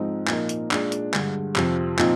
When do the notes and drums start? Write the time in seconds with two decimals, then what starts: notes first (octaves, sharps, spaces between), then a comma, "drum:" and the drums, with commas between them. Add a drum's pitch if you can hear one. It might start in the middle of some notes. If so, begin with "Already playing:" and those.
Already playing: G#2 F3 C4 D#4
0.27 A#2 F3 A#3 D#4, drum: clap
0.49 drum: hi-hat
0.71 A#2 G#3 D4, drum: clap
0.92 drum: hi-hat
1.14 G2 D3 G#3, drum: clap
1.56 F2 C3 F3 C4, drum: clap
1.99 A#2 F3 C4 D#4, drum: clap